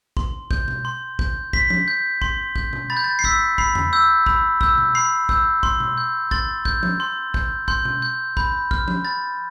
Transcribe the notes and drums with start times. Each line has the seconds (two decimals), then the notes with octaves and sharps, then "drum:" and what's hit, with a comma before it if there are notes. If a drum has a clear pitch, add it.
0.17 C6, drum: kick
0.51 G6, drum: kick
0.68 drum: tom B2
0.85 C6
1.19 G6, drum: kick
1.53 C6 B6, drum: kick
1.70 drum: tom F3
1.88 G6
2.22 C6, drum: kick
2.56 G6, drum: kick
2.73 drum: tom B2
2.90 B5 A6
2.97 G6
3.04 A6
3.19 C7
3.24 E6 G6 B6, drum: kick
3.58 B5 C7, drum: kick
3.75 drum: tom E2
3.93 E6 G6
4.26 B5, drum: kick
4.61 E6 G6, drum: kick
4.78 drum: tom B2
4.95 B5 C7
5.29 E6 G6, drum: kick
5.63 C6, drum: kick
5.80 drum: tom B2
5.98 G6
6.31 C6 A6, drum: kick
6.65 G6, drum: kick
6.83 drum: tom F3
7.00 C6
7.34 G6, drum: kick
7.68 C6 G6, drum: kick
7.85 drum: tom B2
8.02 G6
8.37 B5 G6, drum: kick
8.71 F6, drum: kick
8.88 drum: tom F3
9.05 B5 A6